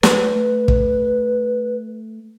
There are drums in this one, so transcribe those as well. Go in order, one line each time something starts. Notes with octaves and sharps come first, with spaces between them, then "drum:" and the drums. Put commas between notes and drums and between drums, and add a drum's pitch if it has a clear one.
A3 B4, drum: snare
drum: kick